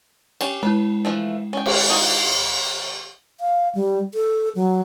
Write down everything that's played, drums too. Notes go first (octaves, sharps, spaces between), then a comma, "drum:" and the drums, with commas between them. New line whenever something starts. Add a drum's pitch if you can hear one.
C#4 G4, drum: cymbal
G#3 E4 B4
E3 F3 A3
C#4 G5
drum: cymbal
D#4 F4 F#4
F5
G3
A4
F#3